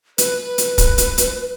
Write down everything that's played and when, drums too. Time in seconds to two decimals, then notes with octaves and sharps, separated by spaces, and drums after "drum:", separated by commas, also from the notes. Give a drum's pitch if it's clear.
0.18 B4, drum: hi-hat
0.58 drum: hi-hat
0.78 drum: kick, hi-hat
0.98 drum: hi-hat
1.18 drum: hi-hat